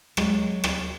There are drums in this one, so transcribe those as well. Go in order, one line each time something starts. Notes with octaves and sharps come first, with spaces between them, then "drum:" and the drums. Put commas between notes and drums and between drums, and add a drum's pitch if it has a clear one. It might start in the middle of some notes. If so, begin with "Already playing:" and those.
F#3 G#3, drum: rim click
drum: rim click